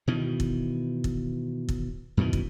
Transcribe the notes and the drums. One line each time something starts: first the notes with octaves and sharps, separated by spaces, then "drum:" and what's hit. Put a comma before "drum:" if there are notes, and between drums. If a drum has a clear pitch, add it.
B2 D#3 E3
drum: kick
drum: kick
drum: kick
F#2 B2 D#3 E3
drum: kick